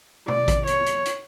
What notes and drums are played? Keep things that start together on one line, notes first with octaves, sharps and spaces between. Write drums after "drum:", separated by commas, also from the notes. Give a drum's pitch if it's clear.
D5, drum: tom B2
drum: kick A1, hi-hat
C#5, drum: hi-hat
drum: hi-hat
drum: hi-hat